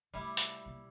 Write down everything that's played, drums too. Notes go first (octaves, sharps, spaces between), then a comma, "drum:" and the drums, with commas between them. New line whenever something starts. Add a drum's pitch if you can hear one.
C3 G3 A3 E4
drum: hi-hat
C3 A#3